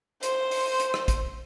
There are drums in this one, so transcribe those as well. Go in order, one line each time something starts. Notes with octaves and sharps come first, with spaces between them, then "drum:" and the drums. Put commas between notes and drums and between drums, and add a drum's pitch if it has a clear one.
C5, drum: hi-hat
drum: open hi-hat
drum: hi-hat
drum: rim click
drum: kick A1, hi-hat